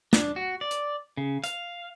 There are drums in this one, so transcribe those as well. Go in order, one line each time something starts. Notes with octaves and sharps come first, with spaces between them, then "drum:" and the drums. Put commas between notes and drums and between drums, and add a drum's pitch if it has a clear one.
D4, drum: snare
F#4
D5
drum: hi-hat
C#3
F5, drum: hi-hat